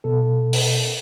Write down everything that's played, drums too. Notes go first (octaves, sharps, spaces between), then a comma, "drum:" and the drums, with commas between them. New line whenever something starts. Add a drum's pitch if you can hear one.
B2 A4
drum: open hi-hat